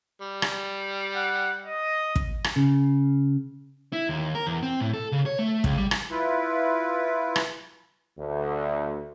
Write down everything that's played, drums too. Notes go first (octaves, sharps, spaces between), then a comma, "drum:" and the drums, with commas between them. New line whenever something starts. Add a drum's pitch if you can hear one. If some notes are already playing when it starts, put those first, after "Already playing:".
G3
drum: rim click
F#5
D#5
drum: kick
drum: rim click
C#3
E4
D#2
A#4
E2
C4
A2
A4
C#3
C#5
A3
C#2, drum: kick
G3
drum: rim click
E4 F4 B4
drum: rim click
D2